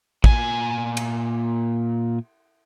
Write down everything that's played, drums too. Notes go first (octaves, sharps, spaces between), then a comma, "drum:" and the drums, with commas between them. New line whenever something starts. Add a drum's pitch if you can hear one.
A#2 G#5, drum: kick
drum: cymbal